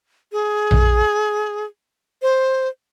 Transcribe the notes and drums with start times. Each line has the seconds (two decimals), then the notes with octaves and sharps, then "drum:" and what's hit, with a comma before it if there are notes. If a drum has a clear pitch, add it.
0.32 G#4
0.71 drum: tom A#1
2.22 C5